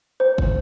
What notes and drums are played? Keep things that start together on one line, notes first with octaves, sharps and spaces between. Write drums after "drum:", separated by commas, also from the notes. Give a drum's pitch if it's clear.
C5
drum: kick